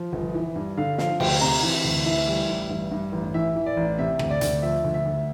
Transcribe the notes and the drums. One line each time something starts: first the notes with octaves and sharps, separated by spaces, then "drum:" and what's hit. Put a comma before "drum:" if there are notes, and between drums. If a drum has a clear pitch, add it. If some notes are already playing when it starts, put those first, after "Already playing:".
Already playing: F3
G1
E3
G2
D3 F5
F3 F5, drum: snare
D2 G5, drum: cymbal
C3 A#5
E3
D2
E3 E5
G3
A1
G2
G2
A1
E3 E5
E3
D5
A1
C3 E5
D2, drum: rim click
D5
D2, drum: hi-hat
F3 E5
D2
E5
D2